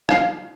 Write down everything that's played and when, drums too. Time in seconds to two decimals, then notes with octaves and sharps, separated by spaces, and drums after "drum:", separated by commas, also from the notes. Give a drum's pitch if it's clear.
0.09 F5, drum: rim click